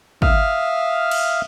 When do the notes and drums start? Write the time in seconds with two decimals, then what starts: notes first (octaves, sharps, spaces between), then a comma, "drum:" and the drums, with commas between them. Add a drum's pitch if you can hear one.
0.22 E5 F5 D#6 F6, drum: kick
1.11 drum: cymbal